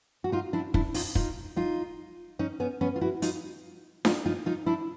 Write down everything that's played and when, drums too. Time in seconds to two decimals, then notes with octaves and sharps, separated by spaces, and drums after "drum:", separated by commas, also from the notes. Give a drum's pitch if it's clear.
0.24 F#4
0.32 D#4 F4
0.53 D4 E4
0.74 D4 E4, drum: kick
0.94 D#4 F4, drum: open hi-hat
1.15 D#4 F4, drum: kick
1.56 D#4 F4
2.39 C#4 D#4
2.60 B3 C#4
2.81 B3 C#4
2.96 F4
3.01 E4 F#4
3.22 D#4 F4, drum: hi-hat
4.05 D#4 F4, drum: snare D4
4.26 D#4 F4
4.46 D#4 F4
4.66 D4 E4